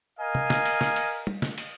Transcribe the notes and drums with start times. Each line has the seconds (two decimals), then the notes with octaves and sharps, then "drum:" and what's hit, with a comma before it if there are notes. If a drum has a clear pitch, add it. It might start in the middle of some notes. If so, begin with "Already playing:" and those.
0.19 A#4 D#5 F5 G#5
0.35 drum: tom C3
0.50 drum: snare
0.65 drum: cymbal
0.81 drum: snare
0.96 drum: cymbal
1.27 drum: tom G3
1.42 drum: snare
1.58 drum: cymbal